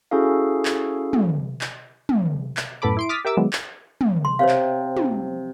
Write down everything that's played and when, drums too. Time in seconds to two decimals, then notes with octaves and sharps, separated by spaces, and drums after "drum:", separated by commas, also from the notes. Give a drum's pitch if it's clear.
0.11 C#4 E4 F#4 G#4 A4 F5
0.65 drum: clap
1.13 drum: tom
1.61 drum: clap
2.09 drum: tom
2.57 drum: clap
2.82 F#2 A2 B3 A4 B5 D6
2.97 E4 C6 D7
3.09 D6 D#6 F6 A6 B6
3.25 G4 A#4 E5 D6 E6
3.37 D#3 F#3 G#3 B3
3.53 drum: clap
4.01 drum: tom
4.25 C6
4.39 C3 C5 C#5 F5
4.49 drum: clap
4.97 drum: tom